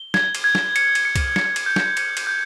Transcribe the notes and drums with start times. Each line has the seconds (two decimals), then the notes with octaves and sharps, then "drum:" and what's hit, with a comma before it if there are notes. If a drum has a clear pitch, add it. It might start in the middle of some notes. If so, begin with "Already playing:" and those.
Already playing: G7
0.14 G#6, drum: snare
0.35 drum: cymbal
0.44 G#6
0.55 drum: snare
0.76 C#7, drum: cymbal
0.95 drum: cymbal
1.05 C#7
1.16 drum: kick C2, cymbal
1.36 C#7, drum: snare
1.56 drum: cymbal
1.66 G6
1.76 drum: snare
1.97 C#7, drum: cymbal
2.17 drum: cymbal
2.27 G6